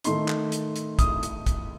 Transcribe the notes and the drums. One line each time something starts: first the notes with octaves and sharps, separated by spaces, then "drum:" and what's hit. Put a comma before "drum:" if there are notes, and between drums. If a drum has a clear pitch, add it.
D#3 A3 D#4 C6, drum: hi-hat
drum: clap
drum: hi-hat
drum: hi-hat
D#6, drum: kick, hi-hat
drum: hi-hat
drum: kick, hi-hat